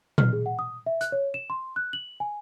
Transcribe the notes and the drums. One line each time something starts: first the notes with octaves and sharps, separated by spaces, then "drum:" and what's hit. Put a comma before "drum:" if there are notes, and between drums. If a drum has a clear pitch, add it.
F6, drum: tom A#2
G#4
F#5
D#6
E5
F#6, drum: hi-hat
C#5
E7
C6
F#6
F#7
G#5